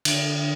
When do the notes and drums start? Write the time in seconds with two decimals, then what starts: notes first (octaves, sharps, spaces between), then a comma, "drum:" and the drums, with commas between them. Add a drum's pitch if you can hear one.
0.05 D3, drum: cymbal